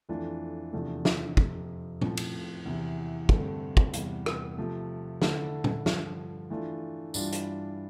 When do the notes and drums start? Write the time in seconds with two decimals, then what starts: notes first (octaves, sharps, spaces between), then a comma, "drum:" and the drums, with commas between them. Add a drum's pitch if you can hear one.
0.09 F2 E3 A3 D4 F4
0.73 E2 C3 F3 A3 D4
1.05 drum: snare
1.37 F2 C3 F3, drum: kick
2.01 A2 F3 C4, drum: tom A#2
2.17 drum: cymbal
2.65 E2 C3 E3
3.29 G2 D3 A3 C4, drum: kick
3.77 drum: kick
3.94 E2 C3 G3, drum: hi-hat
4.26 drum: rim click
4.58 C3 F3 A3
5.22 D3 A3 E4, drum: snare
5.64 drum: tom A#2
5.86 G2 D3 F3, drum: snare
6.50 E3 A3 D4 F4
7.14 G2 E3 G3 D4 F4, drum: tambourine
7.32 drum: hi-hat